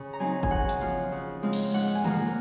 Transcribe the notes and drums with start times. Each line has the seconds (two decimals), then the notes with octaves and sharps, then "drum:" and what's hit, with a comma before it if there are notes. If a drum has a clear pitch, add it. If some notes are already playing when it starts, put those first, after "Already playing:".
Already playing: C#3
0.13 A#5
0.19 F#3 C4 D#4 G#5
0.43 G#5, drum: kick F#1
0.51 C#3 F#5
0.69 drum: hi-hat
0.81 F3 C4 F4
1.12 C#3
1.43 G#3 C4 F4
1.53 drum: cymbal
1.74 G#2 F#5
1.95 G#5
2.04 F3 A#3 F4 A#5, drum: tom